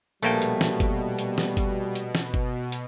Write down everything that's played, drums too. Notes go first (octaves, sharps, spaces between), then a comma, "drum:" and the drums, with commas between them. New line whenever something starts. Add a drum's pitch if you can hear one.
A#1 B2 G3 A3 A#3 G5
drum: hi-hat
drum: snare
drum: kick G1, hi-hat
drum: hi-hat
drum: snare
drum: kick G1, hi-hat
drum: hi-hat
drum: snare
drum: kick G1
drum: hi-hat